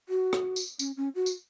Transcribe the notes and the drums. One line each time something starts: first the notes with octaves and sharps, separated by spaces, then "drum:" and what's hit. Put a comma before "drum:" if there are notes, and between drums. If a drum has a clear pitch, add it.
F#4
drum: rim click
drum: tambourine
C#4, drum: tambourine
C#4
F#4
drum: tambourine